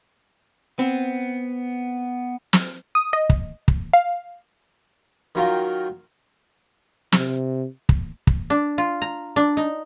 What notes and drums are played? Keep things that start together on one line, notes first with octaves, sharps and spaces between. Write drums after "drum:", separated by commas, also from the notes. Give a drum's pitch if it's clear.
B3 C4
drum: snare
D#6
D#5
drum: kick
drum: kick
F5
D#3 F#3 F4 A#4 F5 G5
C3, drum: snare
drum: kick
drum: kick
D4
F4
A#5
D4
D#4